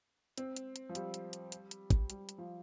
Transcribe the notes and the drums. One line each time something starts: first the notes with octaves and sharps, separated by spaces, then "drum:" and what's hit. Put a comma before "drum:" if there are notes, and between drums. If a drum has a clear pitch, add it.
C4, drum: hi-hat
drum: hi-hat
drum: hi-hat
F3
G3, drum: hi-hat
drum: hi-hat
drum: hi-hat
drum: hi-hat
drum: hi-hat
drum: kick, hi-hat
G3, drum: hi-hat
drum: hi-hat
F3